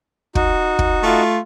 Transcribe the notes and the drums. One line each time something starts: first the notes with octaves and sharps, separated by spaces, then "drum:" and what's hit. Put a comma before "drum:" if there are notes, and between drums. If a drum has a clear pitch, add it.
D#4 F#4, drum: kick
drum: kick
A3 F4